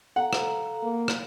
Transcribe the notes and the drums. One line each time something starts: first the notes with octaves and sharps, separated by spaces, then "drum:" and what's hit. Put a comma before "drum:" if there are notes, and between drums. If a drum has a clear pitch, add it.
A4 F5 F#5 A#5
drum: rim click
A#3
drum: rim click